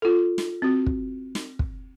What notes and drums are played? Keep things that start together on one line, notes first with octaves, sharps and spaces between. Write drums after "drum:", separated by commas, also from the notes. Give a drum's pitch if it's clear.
F4 A4
drum: snare
C4 F#4
drum: kick
drum: snare
drum: kick